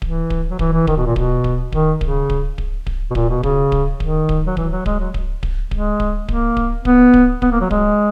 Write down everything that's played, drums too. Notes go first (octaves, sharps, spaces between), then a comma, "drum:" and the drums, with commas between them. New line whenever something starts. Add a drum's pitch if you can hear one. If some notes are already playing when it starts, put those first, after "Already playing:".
E3, drum: kick D1
drum: kick D1
F#3
E3, drum: kick D1
E3
D#3, drum: kick D1
B2
A#2
B2, drum: kick D1
drum: kick D1
D#3, drum: kick D1
C#3, drum: kick D1
drum: kick D1
drum: kick D1
drum: kick D1
B2
A#2, drum: kick D1
B2
C#3, drum: kick D1
drum: kick D1
D#3, drum: kick D1
drum: kick D1
F#3
E3, drum: kick D1
F#3
G#3, drum: kick D1
F#3
drum: kick D1
drum: kick D1
G#3, drum: kick D1
drum: kick D1
A#3, drum: kick D1
drum: kick D1
B3, drum: kick D1
drum: kick D1
B3, drum: kick D1
A#3
F#3
G#3, drum: kick D1